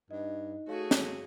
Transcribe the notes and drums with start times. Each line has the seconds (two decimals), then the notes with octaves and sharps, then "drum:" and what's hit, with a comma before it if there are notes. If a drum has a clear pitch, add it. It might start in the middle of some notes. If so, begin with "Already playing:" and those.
0.11 G2 D#4 D#5
0.68 A3 F#4 G#4 C#5 F5
0.91 drum: snare